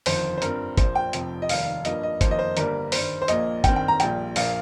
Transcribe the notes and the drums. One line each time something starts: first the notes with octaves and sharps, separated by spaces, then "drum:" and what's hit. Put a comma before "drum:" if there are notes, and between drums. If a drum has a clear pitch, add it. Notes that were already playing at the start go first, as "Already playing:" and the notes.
G1 F2 D#3 C5, drum: open hi-hat
C5
G2 F3 C4 A#4, drum: hi-hat
A#1 A#2 A#3 C5, drum: kick, hi-hat
G5
F1 F2 F3 C4, drum: hi-hat
D#5
F1 D#2 D#3 G3 F5, drum: open hi-hat
G2 F3 A#3 D#5, drum: hi-hat
D#5
F2 D#3 A#3 C5, drum: kick, hi-hat
D#5
C5
G1 G2 G3 A#3 A#4, drum: hi-hat
G2 D#3 G3 C5, drum: open hi-hat
C5
A#1 A#2 A#3 D#5, drum: hi-hat
G2 D#3 C4 G5, drum: kick, hi-hat
G5
A#5
A#1 A#2 G3 G5, drum: hi-hat
A#1 A#2 A#3 F5, drum: open hi-hat